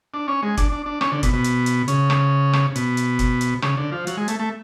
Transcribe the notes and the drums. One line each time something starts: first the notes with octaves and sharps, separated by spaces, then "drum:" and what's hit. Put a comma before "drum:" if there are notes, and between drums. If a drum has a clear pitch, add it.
D4
C#4
G#3
D4, drum: kick, hi-hat
D4
D4
C#4, drum: rim click
D3
B2, drum: kick, hi-hat
B2
drum: hi-hat
drum: hi-hat
C#3, drum: hi-hat
drum: rim click
drum: rim click
B2, drum: hi-hat
drum: hi-hat
drum: kick, hi-hat
drum: hi-hat
C#3, drum: rim click
D3
F3
F#3, drum: hi-hat
G#3
A3, drum: hi-hat
A3